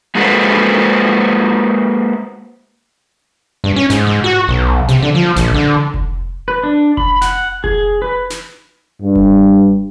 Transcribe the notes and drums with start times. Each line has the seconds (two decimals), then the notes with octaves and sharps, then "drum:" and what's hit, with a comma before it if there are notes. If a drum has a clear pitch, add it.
0.15 G#3 A#3 F#4 A4 B4 C5
3.64 G2
3.76 C#4
3.90 G#2, drum: snare
4.07 G#2
4.24 F#4
4.48 B1
4.89 C3, drum: hi-hat
5.02 D3
5.15 F3
5.36 A#1, drum: snare
5.54 D3
5.94 drum: kick F1
6.48 B4
6.63 D4
6.97 B5, drum: kick F1
7.22 F#5, drum: snare
7.64 G#4, drum: kick F1
8.02 B4
8.30 drum: snare
9.01 G2
9.15 drum: kick F1